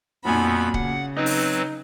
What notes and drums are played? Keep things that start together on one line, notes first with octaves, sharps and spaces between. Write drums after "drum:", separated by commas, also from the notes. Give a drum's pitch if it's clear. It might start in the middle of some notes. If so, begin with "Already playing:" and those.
B1 F2 A#2 B3 G#5 B5
C#3 F#5, drum: kick C#1
F#3 C4 D#4 B4
drum: open hi-hat